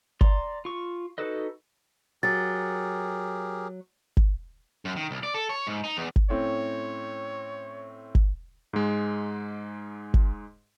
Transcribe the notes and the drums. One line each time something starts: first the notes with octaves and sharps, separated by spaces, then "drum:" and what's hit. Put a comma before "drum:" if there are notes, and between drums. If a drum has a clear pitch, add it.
D5 A#5 C6, drum: kick G1
F4 C#6
D#4 F#4 A4 B4 D#5
F#3 G4 G#4 A#4 A6
drum: kick G1
F#2
D#3
C2
D5
A4
C#5
G#2
D#4
E2
drum: kick G1
A2 C4 C#4 C#5
drum: kick G1
G#2 G#3
drum: kick G1